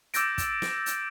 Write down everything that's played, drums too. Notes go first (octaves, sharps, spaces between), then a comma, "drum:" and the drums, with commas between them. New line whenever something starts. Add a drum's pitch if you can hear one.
D6 E6 G6 A6 A#6 D7, drum: hi-hat
drum: kick, hi-hat
drum: snare
drum: hi-hat